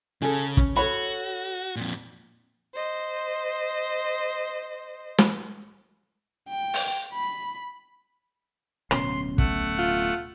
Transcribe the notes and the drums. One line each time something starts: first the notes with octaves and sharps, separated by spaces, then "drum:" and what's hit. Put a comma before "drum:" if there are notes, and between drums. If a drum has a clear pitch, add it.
C#3 G#4 A4
C#4, drum: kick
F#4 A4 C#5 B5
F2 A#2
C5 D#5
drum: snare
G5
drum: open hi-hat
B5
D1 B2 C#4 C6, drum: rim click
A3 F#5, drum: kick
F4